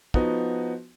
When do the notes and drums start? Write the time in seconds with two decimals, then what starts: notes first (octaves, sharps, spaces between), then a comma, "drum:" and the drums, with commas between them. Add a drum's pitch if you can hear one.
0.14 F3 B3 D#4 F#4, drum: kick